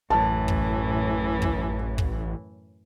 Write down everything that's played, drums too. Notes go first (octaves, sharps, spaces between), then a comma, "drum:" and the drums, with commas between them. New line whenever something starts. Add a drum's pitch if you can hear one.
A1 F#2 A2 E3 A5
drum: kick
drum: kick
drum: kick